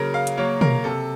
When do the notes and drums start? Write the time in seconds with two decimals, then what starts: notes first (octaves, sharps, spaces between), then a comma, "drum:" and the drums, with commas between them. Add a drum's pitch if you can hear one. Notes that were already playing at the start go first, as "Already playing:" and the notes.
Already playing: C#3 F#3 A#3 A#4
0.14 F5
0.27 drum: hi-hat
0.37 F#3 A#3 C#5
0.61 A#4, drum: tom B2
0.84 C3 A4